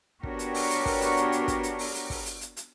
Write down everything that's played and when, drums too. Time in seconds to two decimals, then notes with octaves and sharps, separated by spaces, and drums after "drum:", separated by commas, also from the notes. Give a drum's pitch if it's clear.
0.23 B3 D4 F#4 G4 A#4 C#5, drum: kick
0.39 drum: hi-hat
0.54 drum: open hi-hat
0.70 drum: hi-hat
0.86 drum: kick, open hi-hat
1.01 drum: hi-hat
1.17 drum: hi-hat
1.32 drum: hi-hat
1.48 drum: kick, hi-hat
1.63 drum: hi-hat
1.79 drum: open hi-hat
1.94 drum: hi-hat
2.10 drum: kick, open hi-hat
2.25 drum: hi-hat
2.41 drum: hi-hat
2.57 drum: hi-hat